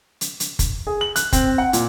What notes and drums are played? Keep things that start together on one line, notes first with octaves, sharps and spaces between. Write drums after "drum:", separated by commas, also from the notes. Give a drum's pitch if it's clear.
drum: hi-hat
drum: hi-hat
drum: kick, hi-hat
G#4
F#7
F#6, drum: hi-hat
C4, drum: kick, hi-hat
F#5
A#2, drum: hi-hat